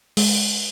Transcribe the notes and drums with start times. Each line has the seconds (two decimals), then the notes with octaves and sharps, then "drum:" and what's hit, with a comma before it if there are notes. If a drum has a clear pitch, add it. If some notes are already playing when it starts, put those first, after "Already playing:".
0.17 G#3, drum: open hi-hat